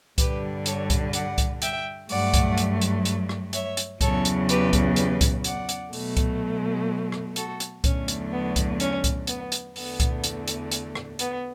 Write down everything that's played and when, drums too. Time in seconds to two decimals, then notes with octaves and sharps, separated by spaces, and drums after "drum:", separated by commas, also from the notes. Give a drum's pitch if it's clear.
0.18 G2 D3 G3 G4 B4, drum: kick C2, hi-hat
0.66 A4 C#5, drum: hi-hat
0.90 drum: kick C2, hi-hat
1.13 D5 F#5, drum: hi-hat
1.38 drum: kick C2, hi-hat
1.62 E5 G5, drum: hi-hat
2.09 G2 F#3 A3 D5 F#5, drum: open hi-hat
2.34 drum: kick C2, hi-hat
2.58 drum: hi-hat
2.81 drum: hi-hat
3.05 drum: hi-hat
3.29 drum: rim click
3.53 C#5 E5, drum: hi-hat
3.77 drum: hi-hat
4.01 E2 C#3 F#3 A4 C#5, drum: kick C2, hi-hat
4.25 drum: hi-hat
4.49 G4 B4, drum: hi-hat
4.73 drum: kick C2, hi-hat
4.96 G4 B4, drum: hi-hat
5.21 drum: kick C2, hi-hat
5.44 D5 F#5, drum: hi-hat
5.69 drum: hi-hat
5.93 B2 F#3 A3, drum: open hi-hat
6.17 drum: kick C2, hi-hat
7.12 drum: rim click
7.36 F#4 A4, drum: hi-hat
7.60 drum: hi-hat
7.84 E2 D3 F#3 A3 C#4, drum: kick C2, hi-hat
8.08 drum: hi-hat
8.32 B3
8.56 drum: kick C2, hi-hat
8.80 C#4, drum: hi-hat
9.04 drum: kick C2, hi-hat
9.27 B3, drum: hi-hat
9.52 drum: hi-hat
9.76 E2 D3 A3 B3, drum: open hi-hat
10.00 drum: kick C2, hi-hat
10.24 drum: hi-hat
10.48 drum: hi-hat
10.72 drum: hi-hat
10.95 drum: rim click
11.19 B3, drum: hi-hat